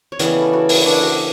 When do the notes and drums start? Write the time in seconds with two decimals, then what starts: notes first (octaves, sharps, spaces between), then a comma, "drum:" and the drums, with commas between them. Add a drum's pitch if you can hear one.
0.12 C#5
0.19 C#3 E3 G3 B3 B4, drum: hi-hat
0.36 A4
0.53 F#4
0.69 E4, drum: open hi-hat
0.86 D4
1.02 F#4